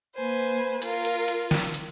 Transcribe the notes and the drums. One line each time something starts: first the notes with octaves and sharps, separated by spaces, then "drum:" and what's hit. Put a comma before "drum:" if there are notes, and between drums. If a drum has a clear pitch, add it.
A#3 B4 C5 G#5
F4 A#4, drum: hi-hat
drum: hi-hat
drum: hi-hat
drum: snare
drum: hi-hat